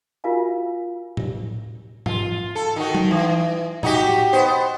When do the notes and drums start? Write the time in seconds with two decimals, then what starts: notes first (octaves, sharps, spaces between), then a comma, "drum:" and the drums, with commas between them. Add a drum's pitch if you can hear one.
0.24 F4 F#4 A#4 F5 G#5
1.17 drum: tom A2
2.06 F4, drum: tom G#2
2.55 A4
2.76 D#3 F#4
2.95 drum: tom F#3
3.11 E3
3.83 D#4 F#4 G4, drum: tom A2
4.33 B3 C5